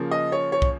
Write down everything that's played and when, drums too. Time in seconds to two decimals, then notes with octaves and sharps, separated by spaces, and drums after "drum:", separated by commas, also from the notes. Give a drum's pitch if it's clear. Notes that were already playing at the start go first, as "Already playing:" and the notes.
Already playing: C#3 F3 A#3
0.11 D#5
0.32 C#5
0.52 C#5
0.62 drum: kick